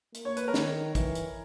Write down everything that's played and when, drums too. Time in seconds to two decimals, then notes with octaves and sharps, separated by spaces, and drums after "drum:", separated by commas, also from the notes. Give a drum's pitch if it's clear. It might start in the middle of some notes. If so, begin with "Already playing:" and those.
0.14 A#3, drum: hi-hat
0.25 C#5
0.37 B4, drum: hi-hat
0.47 A#4 C#5
0.54 D#3, drum: snare
0.95 E3, drum: kick, hi-hat
1.15 drum: hi-hat